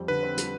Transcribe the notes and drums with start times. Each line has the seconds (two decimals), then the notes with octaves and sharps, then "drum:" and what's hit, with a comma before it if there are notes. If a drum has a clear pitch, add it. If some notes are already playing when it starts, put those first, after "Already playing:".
Already playing: F2 G3 C4
0.08 D3 B4
0.23 C4
0.37 G3, drum: hi-hat